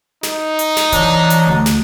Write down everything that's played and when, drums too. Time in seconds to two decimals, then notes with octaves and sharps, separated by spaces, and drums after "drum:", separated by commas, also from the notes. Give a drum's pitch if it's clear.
0.23 D#4, drum: snare
0.59 drum: hi-hat
0.77 drum: snare
0.92 E3 F#3 D4, drum: hi-hat
1.30 drum: hi-hat
1.47 D2
1.66 drum: snare